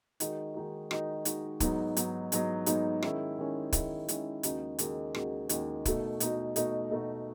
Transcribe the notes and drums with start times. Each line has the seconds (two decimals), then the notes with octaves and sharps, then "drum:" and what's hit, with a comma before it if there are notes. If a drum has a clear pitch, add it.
0.20 D#3 G#3 D#4 F#4, drum: hi-hat
0.54 D#3 G#3 D#4 F#4
0.91 D#3 G#3 D#4 F#4, drum: rim click
1.25 D#3 G#3 D#4 F#4, drum: hi-hat
1.60 G#2 F#3 B3 D#4, drum: kick, hi-hat
1.97 G#2 F#3 B3 D#4, drum: hi-hat
2.32 G#2 F#3 B3 D#4, drum: hi-hat
2.66 G#2 F#3 B3 D#4, drum: hi-hat
3.02 D#3 G#3 C#4 E4, drum: rim click
3.38 D#3 G#3 C#4 E4
3.73 D#3 G#3 C#4 E4, drum: kick, hi-hat
4.08 D#3 G#3 C#4 E4, drum: hi-hat
4.43 D#2 C#3 G#3 D#4 F#4, drum: hi-hat
4.79 D#2 C#3 G#3 D#4 F#4, drum: hi-hat
5.15 D#2 C#3 G#3 D#4 F#4, drum: rim click
5.49 D#2 C#3 G#3 D#4 F#4, drum: hi-hat
5.85 B2 A3 D#4 F#4, drum: kick, hi-hat
6.20 B2 A3 D#4 F#4, drum: hi-hat
6.56 B2 A3 D#4 F#4, drum: hi-hat
6.91 B2 A3 D#4 F#4